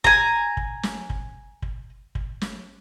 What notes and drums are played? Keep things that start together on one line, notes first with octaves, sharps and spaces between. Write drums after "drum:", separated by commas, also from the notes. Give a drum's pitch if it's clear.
G#5 A#5, drum: kick
drum: kick
drum: snare
drum: kick
drum: kick
drum: kick
drum: snare